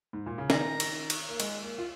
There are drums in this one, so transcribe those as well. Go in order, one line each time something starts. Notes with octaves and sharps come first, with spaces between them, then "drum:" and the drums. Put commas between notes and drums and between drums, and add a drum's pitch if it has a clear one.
G#2
A#2
C#3
D#3 A#5, drum: snare
drum: cymbal
drum: cymbal
A#3
G#3, drum: cymbal
A#3
F4